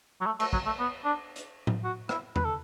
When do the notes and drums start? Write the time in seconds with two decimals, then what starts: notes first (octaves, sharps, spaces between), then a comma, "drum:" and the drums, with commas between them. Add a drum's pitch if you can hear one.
0.21 F#3
0.26 A3
0.40 A3, drum: cymbal
0.53 F#3, drum: kick
0.66 A3
0.79 B3
1.04 D4
1.36 drum: hi-hat
1.67 drum: tom A2
1.84 F#4
2.09 E4, drum: rim click
2.36 B4, drum: tom E2
2.45 A4